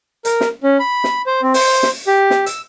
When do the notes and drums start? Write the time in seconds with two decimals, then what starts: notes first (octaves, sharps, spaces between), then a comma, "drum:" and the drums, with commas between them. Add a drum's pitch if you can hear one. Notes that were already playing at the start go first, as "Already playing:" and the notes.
0.25 A#4, drum: hi-hat
0.41 drum: snare
0.63 C#4
0.80 B5
1.04 drum: snare
1.26 C5
1.42 C4
1.54 C5, drum: open hi-hat
1.83 drum: snare
2.07 G4
2.30 drum: snare
2.46 E6, drum: hi-hat